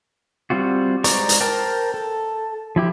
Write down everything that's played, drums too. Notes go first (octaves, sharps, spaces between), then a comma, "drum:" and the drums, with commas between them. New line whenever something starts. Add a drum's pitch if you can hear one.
G3 C4 F4 F#4
G#3 C5 D5 A#5 C#6, drum: hi-hat
drum: hi-hat
A#4 C5 G5 A5
A4
F3 E4 G4